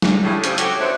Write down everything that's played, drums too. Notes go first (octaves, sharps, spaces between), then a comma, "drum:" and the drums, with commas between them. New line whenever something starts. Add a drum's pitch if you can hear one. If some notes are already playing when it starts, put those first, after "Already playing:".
drum: snare
A2 C#3 G3 D4 E4
A2 C#3 F3 C4 G4 A4, drum: hi-hat
F#4 G4 C#5, drum: hi-hat
B3 D4 E4 F#4 C5